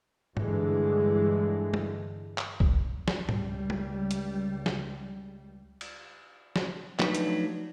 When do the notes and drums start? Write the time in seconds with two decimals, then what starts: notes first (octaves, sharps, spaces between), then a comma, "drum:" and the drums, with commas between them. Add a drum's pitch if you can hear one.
0.37 G2 D3 E3 G#3, drum: tom G#2
1.74 drum: tom
2.38 drum: clap
2.60 drum: kick B1
3.08 drum: snare
3.29 C#2 G3, drum: tom G#2
3.70 drum: tom
4.11 drum: hi-hat
4.66 drum: snare
5.81 drum: cymbal
6.56 drum: snare
6.99 F3 F#3 A3 D4 D#4 B4, drum: clap
7.15 drum: hi-hat